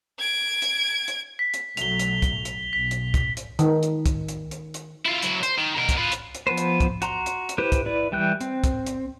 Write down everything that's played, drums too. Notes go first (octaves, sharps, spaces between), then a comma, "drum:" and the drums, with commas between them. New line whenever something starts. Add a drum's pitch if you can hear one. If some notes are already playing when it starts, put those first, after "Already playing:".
G#6 D7
drum: hi-hat
drum: hi-hat
B6
drum: hi-hat
B1 F#3 A3 F7 G7, drum: hi-hat
drum: hi-hat
drum: kick, hi-hat
drum: hi-hat
B1 B6
drum: hi-hat
drum: kick, hi-hat
drum: hi-hat
D#3, drum: hi-hat
drum: hi-hat
drum: kick, hi-hat
drum: hi-hat
drum: hi-hat
drum: hi-hat
E4 F4
F#3 E4, drum: hi-hat
C5, drum: hi-hat
D#3
B2 A#4
drum: kick, hi-hat
F4 B4
drum: hi-hat
drum: hi-hat
F3 B3 B4 C5
drum: hi-hat
drum: kick, hi-hat
F#4 A#5 C6, drum: hi-hat
drum: hi-hat
drum: hi-hat
E4 G4 B4 C5
drum: kick, hi-hat
E4 B4 D5
E3 G3 G5 F#6
C4, drum: hi-hat
drum: kick, hi-hat
drum: hi-hat